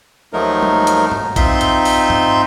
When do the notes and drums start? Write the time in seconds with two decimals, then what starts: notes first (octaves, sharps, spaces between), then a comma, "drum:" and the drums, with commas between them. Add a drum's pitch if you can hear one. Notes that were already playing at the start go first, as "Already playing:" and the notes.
0.33 D#2 F3 F#3 A3 D#4 A#4
0.62 drum: tom G3
0.87 drum: hi-hat
1.12 drum: tom G2
1.36 C4 D#4 F4 E5 C6 G6, drum: kick A#1, hi-hat
1.61 drum: hi-hat
1.85 drum: open hi-hat
2.10 drum: tom G2